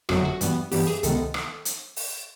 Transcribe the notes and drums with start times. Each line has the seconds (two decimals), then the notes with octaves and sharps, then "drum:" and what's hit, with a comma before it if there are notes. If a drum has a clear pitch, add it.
0.09 G1 F2 D3 F#3 A3 F#4, drum: rim click
0.25 F#4
0.41 G2 E3 G3 B3, drum: hi-hat
0.72 G2 E3 G3 B3 G4, drum: open hi-hat
0.87 G#4
1.03 C#2 C3 D#3 G#3 B3 A4, drum: hi-hat
1.34 drum: rim click
1.65 drum: hi-hat
1.96 drum: open hi-hat